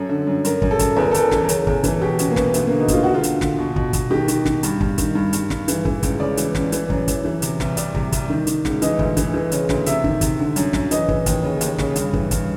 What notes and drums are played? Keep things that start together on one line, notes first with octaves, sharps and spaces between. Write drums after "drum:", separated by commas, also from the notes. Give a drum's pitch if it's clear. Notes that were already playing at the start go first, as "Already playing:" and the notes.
Already playing: F#2 A4
D3
F#2
F#2 A#4, drum: hi-hat
F#2, drum: kick
A4
F#2, drum: kick, hi-hat
E2 B4
A#4
A4
E2 A#4, drum: hi-hat
E3, drum: snare
A#4
C#3 A4, drum: hi-hat
E2, drum: kick
E3, drum: kick, hi-hat
B2 G4
B2 C#4, drum: hi-hat
A#3
B2 B3, drum: snare
D2 B3, drum: hi-hat
D3 A#3
D#4
D2 F4, drum: kick, hi-hat
D3 F#4
F4
D3, drum: hi-hat
D3, drum: snare
B2
B2, drum: kick
B2, drum: kick, hi-hat
D#3 G4
D#3, drum: hi-hat
D#3, drum: snare
G2, drum: hi-hat
G2, drum: kick
D#3, drum: kick, hi-hat
G2
G2, drum: hi-hat
G2, drum: snare
E3, drum: hi-hat
E3, drum: kick
C#2, drum: kick, hi-hat
C#3 D5
E3, drum: hi-hat
C#2, drum: snare
E3, drum: hi-hat
F#2, drum: kick
E3, drum: kick, hi-hat
E3
C3, drum: hi-hat
C2, drum: snare
C2 D5, drum: hi-hat
C3, drum: kick
C2, drum: kick, hi-hat
D#3
D#3, drum: hi-hat
C#2, drum: snare
E3 D#5, drum: hi-hat
D2, drum: kick
E3, drum: kick, hi-hat
E3
C#3, drum: hi-hat
D2, drum: snare
C3 E5, drum: hi-hat
D#3, drum: kick
C3, drum: kick, hi-hat
D3
F#2, drum: hi-hat
F#2, drum: snare
E3 D#5, drum: hi-hat
E3, drum: kick
D#2, drum: kick, hi-hat
C#3
D#2, drum: hi-hat
C#3, drum: snare
G2, drum: hi-hat
E3, drum: kick
G2, drum: kick, hi-hat